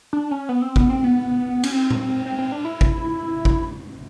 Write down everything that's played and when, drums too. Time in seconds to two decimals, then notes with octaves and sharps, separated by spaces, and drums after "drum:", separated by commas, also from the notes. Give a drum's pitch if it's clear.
0.13 D4
0.31 C#4
0.49 B3
0.62 C4
0.76 B3, drum: kick G#1
0.90 C4
1.04 B3
1.64 C#4, drum: cymbal
1.72 C4
1.90 drum: tom A#2
2.26 C4
2.39 C4
2.52 D4
2.65 E4
2.81 drum: kick G#1
3.45 drum: kick G#1